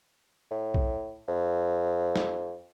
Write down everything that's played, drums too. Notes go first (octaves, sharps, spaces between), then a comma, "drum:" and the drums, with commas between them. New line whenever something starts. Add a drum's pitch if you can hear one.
A2
drum: kick B1
F2
drum: snare